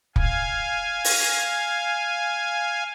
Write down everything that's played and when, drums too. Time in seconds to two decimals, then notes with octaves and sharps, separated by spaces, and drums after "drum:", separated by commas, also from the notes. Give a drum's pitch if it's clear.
0.16 F5 G#5, drum: kick
1.04 drum: open hi-hat